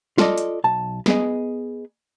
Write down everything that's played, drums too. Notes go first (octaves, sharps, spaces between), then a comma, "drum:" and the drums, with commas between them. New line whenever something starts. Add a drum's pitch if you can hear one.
F4 A4 D5 D#5, drum: snare
drum: hi-hat
B1 A5
B3 G#4 D#5, drum: snare